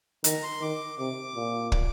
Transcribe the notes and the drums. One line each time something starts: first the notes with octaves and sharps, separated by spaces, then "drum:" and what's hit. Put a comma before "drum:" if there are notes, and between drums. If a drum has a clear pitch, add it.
D#3 A#5, drum: hi-hat
C6
D#3 D6
C3 D6
A#2
D6, drum: kick